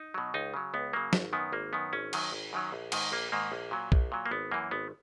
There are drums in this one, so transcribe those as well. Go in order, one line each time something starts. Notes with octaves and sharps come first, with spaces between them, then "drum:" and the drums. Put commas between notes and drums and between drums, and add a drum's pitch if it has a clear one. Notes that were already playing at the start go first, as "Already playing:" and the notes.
Already playing: D#4
B2 F#3
C#2 D#4
C#3 F#3
C#2 B3
C#3 F#3 A#3
G#1, drum: snare
F#2 D#3 B3
G#1 A#3
F#2 D#3 B3
G#1 C#4
F#2 D#3 F#3, drum: cymbal
G#1
F#2 D#3 F#3
A#1
G#2 D#3, drum: cymbal
A#1 A#3
G#2 D#3 A#3
A#1
A#2 F#3
A#1, drum: kick B1
A#2 F#3
A#3
G#1 B3
F#2 E3 A#3
G#1 B3